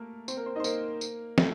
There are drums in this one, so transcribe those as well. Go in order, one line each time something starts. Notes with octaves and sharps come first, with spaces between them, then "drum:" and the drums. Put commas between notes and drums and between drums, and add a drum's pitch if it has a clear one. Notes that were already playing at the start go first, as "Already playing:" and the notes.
Already playing: A3 A#3 A#4
C4 C5, drum: tambourine
A#3 A#4
C4 C5
D#4 D#5
C5
A#3 A#4, drum: tambourine
drum: tambourine
A3 A4, drum: snare